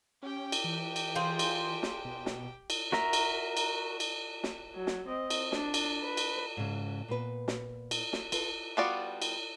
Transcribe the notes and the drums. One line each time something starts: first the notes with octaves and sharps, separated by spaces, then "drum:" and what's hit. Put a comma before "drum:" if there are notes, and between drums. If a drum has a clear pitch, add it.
C#4 G4 G5
drum: cymbal
E3
drum: cymbal
F4 G#4 C5
drum: cymbal
drum: snare
B2
drum: snare
drum: cymbal
F#4 A#4 E5 A#5, drum: snare
drum: cymbal
drum: cymbal
drum: cymbal
drum: snare
F#3
drum: snare
C4 D#5
drum: cymbal
D4, drum: snare
drum: cymbal
B4
drum: cymbal
G#2 C#3
A#2 B3 B4
drum: snare
drum: cymbal
drum: snare
F4 A4 B4, drum: cymbal
G3 B3 F4 F#4 D5
drum: cymbal